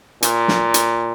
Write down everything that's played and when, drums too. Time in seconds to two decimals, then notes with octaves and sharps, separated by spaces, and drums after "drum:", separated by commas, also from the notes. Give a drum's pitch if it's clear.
0.22 A#2, drum: hi-hat
0.48 drum: snare
0.74 drum: hi-hat